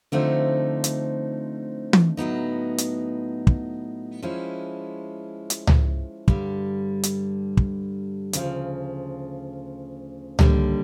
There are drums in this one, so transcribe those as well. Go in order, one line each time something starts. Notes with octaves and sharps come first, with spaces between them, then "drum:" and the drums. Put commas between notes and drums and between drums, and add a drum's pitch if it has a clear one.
D3 F3 A3 C4 D#4
drum: hi-hat
drum: tom E3
A2 F#3 B3 D#4
drum: hi-hat
drum: kick
F3 G#3 C#4 E4
drum: hi-hat
drum: tom C#2
G2 D3 G3, drum: kick
drum: hi-hat
drum: kick
D2 C#3 F3, drum: hi-hat
D#2 D3 G3, drum: tom C#2